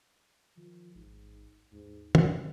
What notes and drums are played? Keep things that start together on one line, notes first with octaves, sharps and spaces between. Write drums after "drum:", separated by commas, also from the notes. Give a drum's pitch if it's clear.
D#3 F3
A1 G#2
D#2 G#2
C3, drum: tom